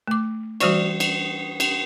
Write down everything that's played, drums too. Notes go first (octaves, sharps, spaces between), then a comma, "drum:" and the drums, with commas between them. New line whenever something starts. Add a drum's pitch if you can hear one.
A3 D6
E3 G3 F#4 C5 D5 C#6, drum: cymbal
drum: cymbal
drum: cymbal